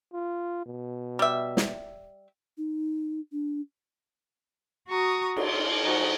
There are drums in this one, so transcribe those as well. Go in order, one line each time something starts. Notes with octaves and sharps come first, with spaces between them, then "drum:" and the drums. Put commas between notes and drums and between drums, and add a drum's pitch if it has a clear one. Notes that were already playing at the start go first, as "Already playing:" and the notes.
F4
B2
G3 E5
drum: snare
D#4
D4
F#4 A#5 C#6 D#6
C6, drum: cymbal
F3 D#4 F#4 G#4